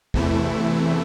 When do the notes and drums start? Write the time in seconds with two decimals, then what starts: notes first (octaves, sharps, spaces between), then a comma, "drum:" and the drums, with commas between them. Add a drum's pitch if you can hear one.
0.14 E2 C3 E3 A3 E4, drum: kick